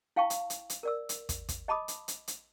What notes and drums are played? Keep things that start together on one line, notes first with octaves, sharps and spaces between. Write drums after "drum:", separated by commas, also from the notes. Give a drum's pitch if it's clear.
E4 F5 G5 A5 C#6
drum: hi-hat
drum: hi-hat
drum: hi-hat
A#4 D5 E6
drum: hi-hat
drum: kick, hi-hat
drum: kick, hi-hat
D#5 A5 B5 D6 D#6
drum: hi-hat
drum: hi-hat
drum: hi-hat